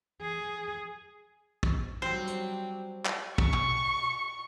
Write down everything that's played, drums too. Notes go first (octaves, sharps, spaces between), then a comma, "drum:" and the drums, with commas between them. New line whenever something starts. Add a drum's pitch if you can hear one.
G#4
drum: kick
F#3 G3 C4 C5 C6
drum: hi-hat
drum: clap
C#6, drum: kick
drum: tom